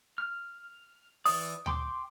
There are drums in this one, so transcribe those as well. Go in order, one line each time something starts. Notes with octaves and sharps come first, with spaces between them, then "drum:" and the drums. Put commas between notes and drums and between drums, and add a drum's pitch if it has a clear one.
F6
E3 D5 D#6, drum: open hi-hat
G5 C6 D6, drum: tom D2